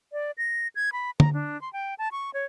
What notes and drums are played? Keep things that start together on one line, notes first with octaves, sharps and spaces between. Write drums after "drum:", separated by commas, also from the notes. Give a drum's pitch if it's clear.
D5
A#6
G#6
B5
A#5, drum: tom
D4
C6
G5
A5
C#6
C#5